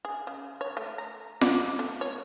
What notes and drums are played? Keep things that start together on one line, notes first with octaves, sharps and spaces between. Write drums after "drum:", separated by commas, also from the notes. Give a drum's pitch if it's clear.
G#4
C#3
C#5
A3
A#5
D5, drum: snare F4
A3
C#5